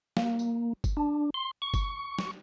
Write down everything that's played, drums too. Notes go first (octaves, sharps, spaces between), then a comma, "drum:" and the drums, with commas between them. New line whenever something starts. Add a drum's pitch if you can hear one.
A#3, drum: snare
drum: tambourine
drum: kick G1, tambourine
D4
C6
C#6
drum: kick G1, tambourine
drum: snare